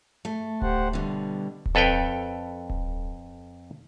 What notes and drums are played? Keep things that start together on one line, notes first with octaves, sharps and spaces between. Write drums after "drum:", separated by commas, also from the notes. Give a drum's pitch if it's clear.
A3
G4 C5 F#5, drum: kick D1
B2 D3 G3
drum: kick D1
F2 A4 B4 C#5 G5
drum: kick D1